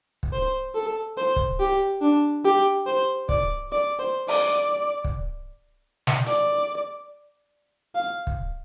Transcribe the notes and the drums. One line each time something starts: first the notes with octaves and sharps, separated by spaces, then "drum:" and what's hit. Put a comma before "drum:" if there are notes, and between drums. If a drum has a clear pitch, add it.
drum: kick
C5
A4
C5
drum: kick
G4
D4
G4
C5
D5, drum: kick
D5
C5
D5, drum: open hi-hat
drum: kick
drum: snare
D5, drum: hi-hat
F5
drum: kick